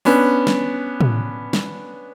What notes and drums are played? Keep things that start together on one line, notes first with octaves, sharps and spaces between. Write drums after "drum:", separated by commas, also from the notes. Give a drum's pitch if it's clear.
B3 C#4 D4, drum: open hi-hat
drum: snare
drum: tom
drum: snare